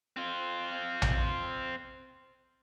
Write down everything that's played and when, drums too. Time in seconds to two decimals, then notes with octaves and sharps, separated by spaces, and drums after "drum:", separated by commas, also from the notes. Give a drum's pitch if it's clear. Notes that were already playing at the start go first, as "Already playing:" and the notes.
0.17 C4 F4
1.02 drum: tom A#1